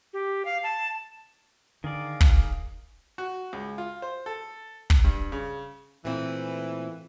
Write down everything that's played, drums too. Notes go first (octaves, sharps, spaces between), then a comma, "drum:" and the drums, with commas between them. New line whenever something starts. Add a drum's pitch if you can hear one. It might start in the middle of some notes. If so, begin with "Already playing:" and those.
G4
F5
A5
D3 D#3 G#4 D5 F5
drum: kick
F#4
C#2
F4
C5
A4
drum: kick
G2
C#3
A#2 E3 A3 C4